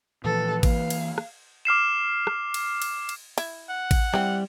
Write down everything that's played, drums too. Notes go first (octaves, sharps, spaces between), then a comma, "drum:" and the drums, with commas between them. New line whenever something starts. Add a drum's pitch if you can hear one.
A#2 E3 F3 A4 B4
E3 A#3 F5, drum: kick A1, cymbal
drum: cymbal
drum: rim click
D6 F6 C7 E7
drum: rim click
drum: cymbal
drum: cymbal
drum: cymbal
E4, drum: cymbal
F#5
drum: kick A1, cymbal
E3 G3 C4